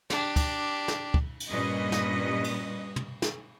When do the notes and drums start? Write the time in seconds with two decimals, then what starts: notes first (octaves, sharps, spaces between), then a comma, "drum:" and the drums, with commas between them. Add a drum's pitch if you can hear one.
0.10 D4 G4, drum: snare
0.36 drum: kick, cymbal
0.88 drum: snare
1.14 drum: kick
1.40 drum: cymbal
1.50 G2 A#2 G3 C#4 B4 D#5
1.92 drum: snare
2.44 drum: cymbal
2.96 drum: tom
3.22 drum: snare